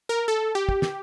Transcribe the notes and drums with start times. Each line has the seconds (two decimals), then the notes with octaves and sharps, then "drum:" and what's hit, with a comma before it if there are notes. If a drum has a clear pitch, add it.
0.09 A#4
0.28 A4
0.55 G4
0.69 drum: kick
0.82 drum: snare